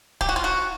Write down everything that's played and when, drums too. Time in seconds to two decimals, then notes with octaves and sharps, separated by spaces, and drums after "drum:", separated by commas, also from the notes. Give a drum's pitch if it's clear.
0.21 G4, drum: kick
0.29 F#4
0.36 F4
0.44 F#4